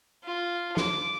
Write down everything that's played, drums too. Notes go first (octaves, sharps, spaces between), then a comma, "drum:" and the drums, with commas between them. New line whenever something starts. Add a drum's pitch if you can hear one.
F4
D6, drum: snare